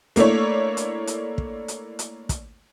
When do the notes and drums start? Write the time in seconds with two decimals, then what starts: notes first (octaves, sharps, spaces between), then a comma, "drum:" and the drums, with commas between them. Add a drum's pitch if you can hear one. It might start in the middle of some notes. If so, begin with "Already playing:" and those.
0.16 A3 A#3 D4 E4 C#5, drum: hi-hat
0.77 drum: hi-hat
1.07 drum: hi-hat
1.38 drum: kick
1.68 drum: hi-hat
1.99 drum: hi-hat
2.29 drum: kick, hi-hat